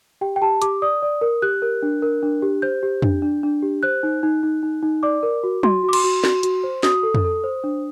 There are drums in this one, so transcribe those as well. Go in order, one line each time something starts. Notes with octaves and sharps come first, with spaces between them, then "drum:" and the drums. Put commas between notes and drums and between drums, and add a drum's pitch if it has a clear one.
G4 G5
G5
G4 A5
G4 D6, drum: hi-hat
D5 D#6
D5
A#4
G4 F#6
A#4
D4
A#4
D4
G4
C5 G6
G4
D4, drum: tom F2
D4
D4
G4
C5 F#6
D#4
D#4
D#4
D#4
D#4
D5 D6
A#4
F#4
F#4 C6, drum: tom F#3
F#4
D6
C6, drum: cymbal
F#4
F#4, drum: snare
F#4, drum: hi-hat
C5
F#4 D#6, drum: snare
A4
drum: tom F2
A4
C5
D4